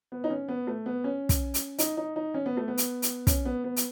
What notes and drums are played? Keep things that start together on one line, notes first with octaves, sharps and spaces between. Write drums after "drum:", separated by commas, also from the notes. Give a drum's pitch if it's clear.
B3
D#4
C#4
B3
A3
B3
C#4
drum: kick, hi-hat
drum: hi-hat
D#4, drum: hi-hat
D#4
D#4
C#4
B3
A3
B3
drum: hi-hat
drum: hi-hat
C#4, drum: kick, hi-hat
B3
B3
drum: hi-hat